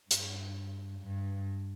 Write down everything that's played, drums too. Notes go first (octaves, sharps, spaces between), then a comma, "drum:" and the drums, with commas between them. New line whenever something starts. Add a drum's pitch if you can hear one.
G2, drum: hi-hat
G2